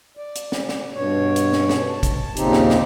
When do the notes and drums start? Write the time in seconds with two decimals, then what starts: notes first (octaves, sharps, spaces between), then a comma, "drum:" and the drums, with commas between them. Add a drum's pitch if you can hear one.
0.17 D5
0.35 drum: hi-hat
0.52 drum: snare
0.69 drum: snare
0.94 G2 B2 C#5
1.36 drum: hi-hat
1.53 drum: snare
1.69 drum: snare
1.90 A5
2.03 drum: kick, hi-hat
2.36 D#2 A#2 C#3 C4 D#4 G4, drum: hi-hat
2.53 drum: snare
2.70 drum: snare